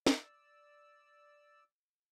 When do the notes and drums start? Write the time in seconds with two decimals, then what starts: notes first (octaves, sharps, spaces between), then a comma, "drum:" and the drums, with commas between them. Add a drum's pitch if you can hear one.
0.07 D5 E6, drum: snare